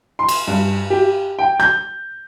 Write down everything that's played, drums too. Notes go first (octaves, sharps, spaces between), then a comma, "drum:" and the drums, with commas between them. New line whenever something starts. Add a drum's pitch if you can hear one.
C6
drum: cymbal
G2
G4
G5
G6, drum: rim click